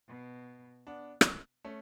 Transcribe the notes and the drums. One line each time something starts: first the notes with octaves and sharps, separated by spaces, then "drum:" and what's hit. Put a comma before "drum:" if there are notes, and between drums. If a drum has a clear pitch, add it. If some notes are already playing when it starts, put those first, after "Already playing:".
B2
B3 D4
drum: rim click
A3 C#4